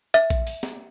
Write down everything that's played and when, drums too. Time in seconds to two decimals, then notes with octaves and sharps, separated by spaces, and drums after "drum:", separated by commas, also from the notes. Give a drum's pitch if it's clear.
0.14 E5, drum: hi-hat
0.30 drum: kick A#1, hi-hat
0.47 drum: open hi-hat
0.63 drum: snare